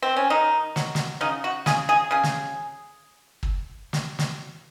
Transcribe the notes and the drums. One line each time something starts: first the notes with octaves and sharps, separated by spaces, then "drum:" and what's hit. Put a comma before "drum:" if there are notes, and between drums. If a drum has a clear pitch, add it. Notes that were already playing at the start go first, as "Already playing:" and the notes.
C4
C#4
D#3 D#4
F#3, drum: snare
drum: snare
C#3 D#4
F#4
C#3 G#4, drum: snare
G#4
C#3 G#4
drum: snare
drum: kick
drum: snare
drum: snare